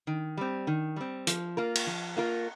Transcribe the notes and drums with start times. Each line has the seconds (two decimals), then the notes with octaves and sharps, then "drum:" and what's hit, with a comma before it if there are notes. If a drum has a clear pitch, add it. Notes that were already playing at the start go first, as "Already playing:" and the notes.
0.07 D#3
0.37 G3 C4
0.67 D#3
0.96 G3 C4
1.27 F3, drum: hi-hat
1.57 A#3 F4 A#4
1.75 drum: cymbal
1.87 F3
2.17 A#3 F4 A#4